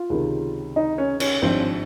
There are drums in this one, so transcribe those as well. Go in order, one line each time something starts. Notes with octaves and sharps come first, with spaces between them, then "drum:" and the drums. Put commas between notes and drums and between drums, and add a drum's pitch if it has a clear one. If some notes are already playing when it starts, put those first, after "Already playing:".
Already playing: F4
C#2 C3 D#3
D#4
C#4
C#4, drum: cymbal
G#1 G2 F3 C4